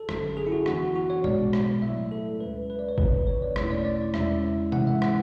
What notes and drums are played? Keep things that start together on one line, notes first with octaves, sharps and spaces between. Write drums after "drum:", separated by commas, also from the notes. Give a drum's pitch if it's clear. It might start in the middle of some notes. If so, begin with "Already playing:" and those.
Already playing: A4
G#1 F#2 D3 F#3 C#4, drum: rim click
G#4
E4
F#4
F#2 E3 B3 D4 F#4, drum: rim click
F#4
C#5
B1 B2 G#3 B3 D5, drum: tom G#2
drum: rim click
A2 F#3 A3 E4 E5
A4
D2 C#3 G#3 C#4 B4
B4
D5
C#5
B1 A2 E3 B3 D4 B4, drum: kick G#1
C#5
D5
E2 B2 A3 C#4 E4 C#5, drum: rim click
D5
D5
E2 C#3 G#3 C#4 E4 E5, drum: rim click
G#2 E3 G#3 C#4 E4 F#5, drum: tom C3
E5
F#5, drum: rim click